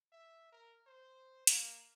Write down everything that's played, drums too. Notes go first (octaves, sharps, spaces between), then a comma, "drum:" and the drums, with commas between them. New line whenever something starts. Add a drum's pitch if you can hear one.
E5
A#4
C5
A#3, drum: hi-hat